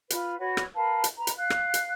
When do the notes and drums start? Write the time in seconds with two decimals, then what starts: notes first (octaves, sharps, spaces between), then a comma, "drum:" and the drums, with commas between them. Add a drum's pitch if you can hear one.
0.10 F4 B4, drum: hi-hat
0.40 F#4 B4 C#5 F#5
0.57 drum: rim click
0.75 A#4 B4 F5 A5
1.04 drum: hi-hat
1.17 B4 A#5
1.27 drum: hi-hat
1.37 F5 F#6
1.50 drum: rim click
1.74 drum: hi-hat